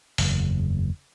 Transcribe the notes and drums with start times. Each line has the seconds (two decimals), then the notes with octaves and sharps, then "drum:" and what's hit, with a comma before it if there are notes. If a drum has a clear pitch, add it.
0.18 F#1 E2, drum: open hi-hat